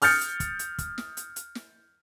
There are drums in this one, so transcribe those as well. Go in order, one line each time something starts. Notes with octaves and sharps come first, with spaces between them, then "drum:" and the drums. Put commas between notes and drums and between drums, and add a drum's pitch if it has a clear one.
D#6 F6 G6 A6 C#7, drum: open hi-hat
drum: hi-hat
drum: kick, hi-hat
drum: hi-hat
drum: kick, hi-hat
drum: snare
drum: hi-hat
drum: hi-hat
drum: snare